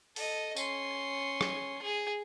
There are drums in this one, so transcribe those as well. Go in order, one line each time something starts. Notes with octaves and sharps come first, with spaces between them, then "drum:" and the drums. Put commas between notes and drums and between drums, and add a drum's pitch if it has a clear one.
A4 D#5, drum: open hi-hat
C#4 C6, drum: tambourine
drum: rim click
G#4